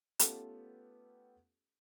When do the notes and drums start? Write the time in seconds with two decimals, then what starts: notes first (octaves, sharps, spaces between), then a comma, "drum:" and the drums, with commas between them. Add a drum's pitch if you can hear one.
0.19 A3 B3 C#4 F4 G4 A4, drum: hi-hat